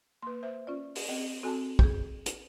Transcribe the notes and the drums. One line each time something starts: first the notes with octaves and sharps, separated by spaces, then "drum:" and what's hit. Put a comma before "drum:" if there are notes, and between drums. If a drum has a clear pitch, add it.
A#3 B4 C6
C5 E5
C#4 F4 D5
drum: open hi-hat
C4 D#5
C4 F#4 A4 G#5 A5
G#4 G6, drum: kick
drum: hi-hat